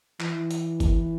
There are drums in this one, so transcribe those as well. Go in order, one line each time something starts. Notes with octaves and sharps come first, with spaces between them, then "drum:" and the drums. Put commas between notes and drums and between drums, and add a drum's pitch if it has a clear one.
E3, drum: clap
drum: hi-hat
drum: kick F#1, hi-hat